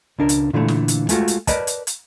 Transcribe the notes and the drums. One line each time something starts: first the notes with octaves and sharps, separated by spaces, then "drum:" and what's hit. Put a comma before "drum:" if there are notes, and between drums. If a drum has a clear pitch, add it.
C#2 D4 A#4
drum: hi-hat
A#2 D3 E3 F#3 A3
drum: snare
drum: hi-hat
G#3 A3 F4 F#4, drum: hi-hat
drum: hi-hat
A#4 B4 D5 D#5 A5, drum: kick, hi-hat
drum: hi-hat
drum: hi-hat